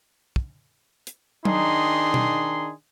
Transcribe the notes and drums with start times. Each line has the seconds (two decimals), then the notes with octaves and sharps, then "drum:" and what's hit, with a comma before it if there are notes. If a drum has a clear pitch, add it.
0.36 drum: kick
1.07 drum: hi-hat
1.45 D#3 D4 D#4 G#4 C6, drum: tom F#3
2.14 drum: tom B2